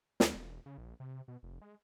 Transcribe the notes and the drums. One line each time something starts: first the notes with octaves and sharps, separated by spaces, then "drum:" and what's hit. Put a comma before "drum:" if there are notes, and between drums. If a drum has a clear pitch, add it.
D#2, drum: snare
E1
C#3
A#1
C3
B2
F1
G#3